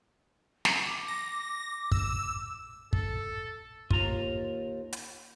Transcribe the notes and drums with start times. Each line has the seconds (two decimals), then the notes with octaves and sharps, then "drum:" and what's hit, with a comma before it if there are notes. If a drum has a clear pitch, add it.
0.65 drum: snare
0.86 D6
1.08 A#6
1.92 E6, drum: kick
2.93 A4, drum: kick
3.91 D#2 F4 A#5, drum: kick
4.93 drum: hi-hat